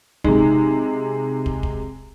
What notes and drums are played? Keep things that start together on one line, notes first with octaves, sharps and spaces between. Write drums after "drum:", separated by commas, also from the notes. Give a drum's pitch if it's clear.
C3 G#3 D#4, drum: kick
drum: kick
drum: kick